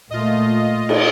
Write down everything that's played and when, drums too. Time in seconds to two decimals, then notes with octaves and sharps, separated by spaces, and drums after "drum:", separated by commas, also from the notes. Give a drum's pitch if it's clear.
0.10 A#2 A3 F4 D#5
0.89 drum: cymbal